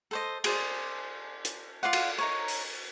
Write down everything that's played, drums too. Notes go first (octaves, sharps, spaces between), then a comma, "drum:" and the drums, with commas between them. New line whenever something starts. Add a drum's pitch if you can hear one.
A4 C5 D#5
G#4 C5 D5, drum: cymbal
drum: hi-hat
F4 D5 F5 F#5
drum: cymbal
D#4 A#4 C#5
drum: open hi-hat